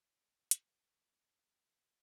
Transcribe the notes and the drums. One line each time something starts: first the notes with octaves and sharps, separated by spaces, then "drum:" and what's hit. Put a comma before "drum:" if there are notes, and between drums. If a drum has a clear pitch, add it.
A3 A#4, drum: hi-hat
F4 A4 C#6 D6 G#6